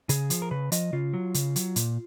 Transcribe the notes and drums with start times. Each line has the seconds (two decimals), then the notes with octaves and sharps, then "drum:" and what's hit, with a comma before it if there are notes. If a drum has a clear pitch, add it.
0.09 C#3 G#4, drum: hi-hat
0.30 F3, drum: hi-hat
0.42 A#4
0.51 C#3 B4
0.72 F3 D#5, drum: hi-hat
0.93 C#3 F4
1.14 F#3
1.34 C#3, drum: hi-hat
1.56 F#3, drum: hi-hat
1.76 A#2, drum: hi-hat